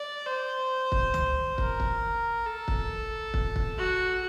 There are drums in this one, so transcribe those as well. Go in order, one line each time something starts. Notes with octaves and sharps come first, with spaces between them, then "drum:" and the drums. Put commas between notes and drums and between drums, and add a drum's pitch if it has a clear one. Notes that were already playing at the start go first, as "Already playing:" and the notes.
Already playing: D5
C5
drum: kick
drum: tom
A#4, drum: kick
drum: kick
A4
drum: kick
drum: kick
drum: kick
F#4